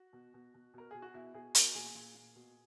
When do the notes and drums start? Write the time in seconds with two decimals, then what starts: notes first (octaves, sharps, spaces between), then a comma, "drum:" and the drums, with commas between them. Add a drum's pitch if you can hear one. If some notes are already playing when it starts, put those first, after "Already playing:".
Already playing: F#4
0.13 B2
0.34 B2
0.54 B2
0.74 B2 A#4
0.91 B2 G#4
1.02 F#4
1.14 B2 E4
1.34 B2 G#4
1.55 B2 A#4, drum: hi-hat
1.75 A#2 G#4
1.95 A#2
2.14 A#2
2.35 B2